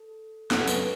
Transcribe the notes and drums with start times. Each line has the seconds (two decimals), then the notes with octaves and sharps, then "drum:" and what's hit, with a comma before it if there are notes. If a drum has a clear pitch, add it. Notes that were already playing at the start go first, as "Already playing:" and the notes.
Already playing: A4
0.51 F#2 C#3 G#3 B3 F#4 A4, drum: snare
0.67 B4, drum: tambourine